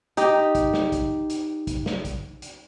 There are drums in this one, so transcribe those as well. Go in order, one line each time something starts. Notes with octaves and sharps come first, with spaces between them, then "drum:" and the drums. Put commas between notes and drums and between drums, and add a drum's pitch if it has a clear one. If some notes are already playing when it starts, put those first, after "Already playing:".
D#4 G4, drum: hi-hat
drum: kick, hi-hat
drum: snare
drum: kick, hi-hat
drum: hi-hat
drum: kick, hi-hat
drum: snare
drum: kick, hi-hat
drum: hi-hat